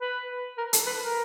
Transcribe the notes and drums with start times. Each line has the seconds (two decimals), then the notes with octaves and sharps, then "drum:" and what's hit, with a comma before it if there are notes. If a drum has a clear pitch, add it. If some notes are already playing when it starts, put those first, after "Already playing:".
0.01 B4
0.58 A#4
0.73 A4, drum: hi-hat
0.87 B4
1.02 A#4